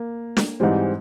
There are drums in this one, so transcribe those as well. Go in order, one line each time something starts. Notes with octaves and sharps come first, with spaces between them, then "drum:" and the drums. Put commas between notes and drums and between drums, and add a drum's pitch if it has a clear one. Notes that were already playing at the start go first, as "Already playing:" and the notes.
Already playing: A#3
drum: snare
G#2 E3 G3 G#3 C4